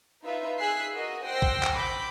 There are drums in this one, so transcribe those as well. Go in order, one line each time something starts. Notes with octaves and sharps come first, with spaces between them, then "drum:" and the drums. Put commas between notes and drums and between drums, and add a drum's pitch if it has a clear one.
D#4 F4 B4 E5
G#4 G#5 E6 F#6 B6 C7
F#4 A#4 D#5
C5 F#5 G5 E6 A#6 C7
drum: kick A#1
drum: clap
B5 D6 G6